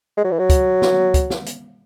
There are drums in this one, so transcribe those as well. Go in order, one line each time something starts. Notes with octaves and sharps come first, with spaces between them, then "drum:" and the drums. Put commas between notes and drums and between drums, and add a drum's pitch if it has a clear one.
G#3
F#3
E3
F#3
drum: kick, hi-hat
drum: snare
drum: kick, hi-hat
drum: snare
drum: hi-hat